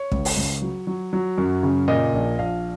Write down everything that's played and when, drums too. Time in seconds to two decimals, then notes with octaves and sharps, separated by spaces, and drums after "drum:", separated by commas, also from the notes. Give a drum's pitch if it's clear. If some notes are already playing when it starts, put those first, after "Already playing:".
Already playing: C#5
0.12 C#2, drum: kick
0.25 drum: open hi-hat
0.37 C#2
0.62 F#3
0.87 F#3
1.13 F#3
1.38 F#2
1.63 C#3
1.88 A#2 D#5
2.14 A#1
2.39 A#1 F5